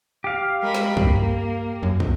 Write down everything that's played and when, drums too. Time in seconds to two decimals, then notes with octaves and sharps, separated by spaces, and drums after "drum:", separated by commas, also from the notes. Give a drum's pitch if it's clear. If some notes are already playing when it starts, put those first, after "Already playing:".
0.24 G4 F5
0.62 G#3 A#4 B5
0.75 drum: snare
0.97 G2 A#3, drum: kick
1.83 F#2
2.00 drum: kick